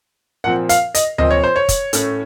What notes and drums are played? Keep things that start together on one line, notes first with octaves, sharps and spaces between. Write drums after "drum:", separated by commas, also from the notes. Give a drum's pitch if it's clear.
A#2 F3 C4 F#5
F5, drum: hi-hat
D#5, drum: hi-hat
A#2 F3 C4 D#5, drum: tom D2
C#5
C5
C#5
drum: kick, hi-hat
A2 A3 C#4, drum: hi-hat